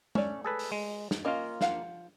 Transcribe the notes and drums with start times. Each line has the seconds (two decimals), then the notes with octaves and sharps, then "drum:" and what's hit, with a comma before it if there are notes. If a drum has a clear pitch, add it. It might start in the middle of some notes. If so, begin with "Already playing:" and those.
0.15 A3 C#4 C#5 D5, drum: tom
0.44 G#4 A4 B4
0.59 drum: open hi-hat
0.72 G#3
1.11 drum: snare
1.25 A#3 C#4 F4 D#5
1.61 F3 F5 F#5, drum: snare